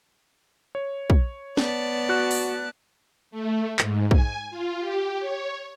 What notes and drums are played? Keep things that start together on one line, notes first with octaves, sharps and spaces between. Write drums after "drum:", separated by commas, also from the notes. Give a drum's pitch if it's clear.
C#5
drum: kick
B3 D5 A5, drum: snare
F#4 F#6
drum: open hi-hat
A3
G#2, drum: clap
G#5, drum: kick
F4
G4
C#5